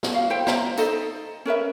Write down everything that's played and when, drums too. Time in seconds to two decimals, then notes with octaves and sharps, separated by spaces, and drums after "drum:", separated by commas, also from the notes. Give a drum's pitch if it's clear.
0.03 drum: snare
0.14 F#4 F5
0.30 E4 C5 G5
0.47 C5 E5 A#5, drum: snare
0.78 D#4 A4 C5 D#5, drum: tambourine
1.45 C#4 A#4 B4 E5